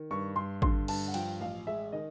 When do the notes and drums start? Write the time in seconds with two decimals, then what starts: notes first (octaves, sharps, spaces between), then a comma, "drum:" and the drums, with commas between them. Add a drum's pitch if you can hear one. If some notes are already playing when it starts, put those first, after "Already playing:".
Already playing: D#3
0.11 G2 C#6
0.36 G2 C6
0.62 D3 C6, drum: kick G#1
0.88 G2 A5, drum: cymbal
1.08 F#5
1.14 F3 G5, drum: cymbal
1.40 A1 F5
1.67 G#3 E5
1.92 D#3 D#5